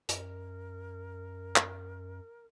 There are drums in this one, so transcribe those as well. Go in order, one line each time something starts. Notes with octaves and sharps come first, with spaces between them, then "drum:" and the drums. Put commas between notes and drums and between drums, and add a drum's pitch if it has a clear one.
F#2 A#4, drum: hi-hat
drum: clap